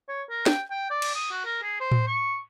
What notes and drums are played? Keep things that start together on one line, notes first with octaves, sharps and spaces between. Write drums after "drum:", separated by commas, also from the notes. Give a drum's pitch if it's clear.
C#5
A#4
G5, drum: snare
G5
D5
drum: cymbal
D#6
F#4
A#4
G#4
C5
drum: tom A2
C#6